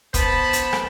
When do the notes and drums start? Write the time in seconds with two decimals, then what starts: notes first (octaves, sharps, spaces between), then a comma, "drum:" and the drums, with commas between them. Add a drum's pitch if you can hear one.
0.14 B3 C5 A5 B5, drum: kick, hi-hat
0.53 drum: hi-hat
0.73 drum: rim click